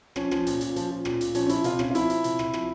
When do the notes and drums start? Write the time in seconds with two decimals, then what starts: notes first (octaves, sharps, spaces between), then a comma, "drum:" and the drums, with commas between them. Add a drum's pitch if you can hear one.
0.16 F3 C#4, drum: rim click
0.31 F3, drum: rim click
0.47 A#2, drum: hi-hat
0.61 A#2, drum: hi-hat
0.76 F3, drum: hi-hat
0.90 F3
1.05 A#2, drum: rim click
1.21 A#2, drum: hi-hat
1.35 F3 C#4, drum: hi-hat
1.46 C#4
1.49 F3 E4, drum: hi-hat
1.64 C3 F4, drum: hi-hat
1.79 C3 C#4, drum: rim click
1.90 F4
1.95 F3 E4, drum: hi-hat
2.10 F3, drum: hi-hat
2.24 C3, drum: hi-hat
2.39 C3, drum: rim click
2.54 F3, drum: rim click